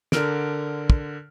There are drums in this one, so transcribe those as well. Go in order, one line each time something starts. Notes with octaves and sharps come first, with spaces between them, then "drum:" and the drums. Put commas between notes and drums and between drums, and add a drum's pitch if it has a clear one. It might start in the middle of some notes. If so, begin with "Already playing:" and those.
D3 A#4 F6 D7, drum: snare
drum: kick